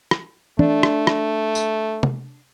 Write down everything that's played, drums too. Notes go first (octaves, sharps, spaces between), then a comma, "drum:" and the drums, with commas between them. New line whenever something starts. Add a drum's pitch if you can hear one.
drum: rim click
A3 D4, drum: tom E3
drum: rim click
drum: rim click
drum: tambourine
drum: tom C3